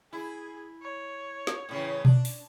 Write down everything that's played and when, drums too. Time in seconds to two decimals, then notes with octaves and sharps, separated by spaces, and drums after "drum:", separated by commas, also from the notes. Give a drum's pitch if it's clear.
0.13 E4 G#4
0.82 C#5
1.47 drum: snare
1.69 A2 C#3 E3
2.05 D4, drum: tom B2
2.25 drum: open hi-hat